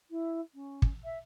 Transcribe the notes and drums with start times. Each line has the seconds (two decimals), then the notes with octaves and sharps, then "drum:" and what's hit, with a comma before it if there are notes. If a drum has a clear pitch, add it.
0.10 E4
0.54 C#4
0.82 drum: kick
1.04 E5